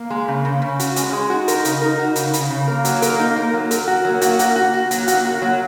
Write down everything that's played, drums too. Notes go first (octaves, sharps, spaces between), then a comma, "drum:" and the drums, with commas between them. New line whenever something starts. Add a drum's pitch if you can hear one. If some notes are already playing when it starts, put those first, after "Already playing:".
Already playing: A#3
G#3
C#3
C#3
C#3 C#4
F#4, drum: hi-hat
G#3, drum: hi-hat
G#3
D#4 F#4
A#4, drum: hi-hat
C#3, drum: hi-hat
A#4
F#4
C#3, drum: hi-hat
C#3, drum: hi-hat
C#3
A#3 A#4
F#3, drum: hi-hat
A#4, drum: hi-hat
D#4
A#4
F#3
A#4, drum: hi-hat
F#4
F#3 A#3
F#4, drum: hi-hat
F#4, drum: hi-hat
F#4
A#3 F#4
F#3, drum: hi-hat
F#4, drum: hi-hat
F#4
F#3